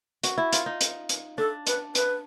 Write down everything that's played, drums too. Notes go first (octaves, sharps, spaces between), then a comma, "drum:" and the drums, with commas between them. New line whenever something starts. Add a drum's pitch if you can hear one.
F#4, drum: hi-hat
E4
F4, drum: hi-hat
D#4
drum: hi-hat
drum: hi-hat
D4 A4
B4, drum: hi-hat
B4, drum: hi-hat